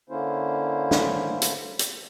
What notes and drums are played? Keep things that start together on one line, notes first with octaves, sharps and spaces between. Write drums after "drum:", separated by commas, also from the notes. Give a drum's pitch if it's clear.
D3 A#3 C#4 E4 C5
drum: snare
drum: hi-hat
drum: hi-hat